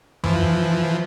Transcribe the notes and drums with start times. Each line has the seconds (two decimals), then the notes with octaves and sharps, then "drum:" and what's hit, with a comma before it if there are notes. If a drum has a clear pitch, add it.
0.24 E3 F3, drum: tom F#2